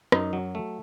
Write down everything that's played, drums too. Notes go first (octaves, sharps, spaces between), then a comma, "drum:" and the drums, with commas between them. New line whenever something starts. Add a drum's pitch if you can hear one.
F#2 D#4, drum: rim click
F#3
A3